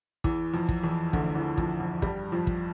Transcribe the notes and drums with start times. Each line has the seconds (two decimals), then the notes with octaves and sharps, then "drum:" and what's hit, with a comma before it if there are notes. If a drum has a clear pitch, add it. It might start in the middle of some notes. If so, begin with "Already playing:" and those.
0.24 E2 E3, drum: kick
0.53 F2 F3
0.69 drum: kick
0.83 E2 E3
1.13 D2 D3, drum: kick
1.35 E2 E3
1.58 F2 F3, drum: kick
1.80 F2 F3
2.02 G2 G3, drum: kick
2.32 F2 F3
2.47 drum: kick